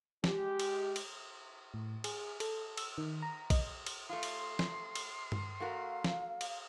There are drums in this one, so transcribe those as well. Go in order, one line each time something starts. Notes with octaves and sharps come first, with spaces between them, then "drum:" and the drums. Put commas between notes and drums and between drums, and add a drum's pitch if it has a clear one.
G#3 G4, drum: snare
drum: cymbal
drum: cymbal
A2
G#4, drum: cymbal
A4, drum: cymbal
E6, drum: cymbal
D#3
A#5
D#5, drum: kick A#1, cymbal
drum: cymbal
A3 F4 C6
drum: cymbal
drum: snare
drum: cymbal
drum: tom G2
A3 F#4 A#4 F5
drum: snare
drum: cymbal